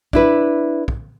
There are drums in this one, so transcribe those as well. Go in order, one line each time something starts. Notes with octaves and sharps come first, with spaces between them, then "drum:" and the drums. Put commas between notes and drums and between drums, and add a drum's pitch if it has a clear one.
D4 E4 B4, drum: kick
drum: kick